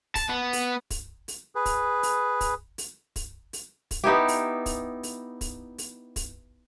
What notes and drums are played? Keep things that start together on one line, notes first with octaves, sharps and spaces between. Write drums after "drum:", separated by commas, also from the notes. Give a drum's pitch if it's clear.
A5, drum: kick, open hi-hat
B3
drum: open hi-hat
drum: kick, open hi-hat
drum: open hi-hat
G#4 B4
drum: kick, open hi-hat
drum: open hi-hat
drum: kick, open hi-hat
drum: open hi-hat
drum: kick, open hi-hat
drum: open hi-hat
drum: kick, open hi-hat
B3 D#4 E4 G4
drum: open hi-hat
drum: kick, open hi-hat
drum: open hi-hat
drum: kick, open hi-hat
drum: open hi-hat
drum: kick, open hi-hat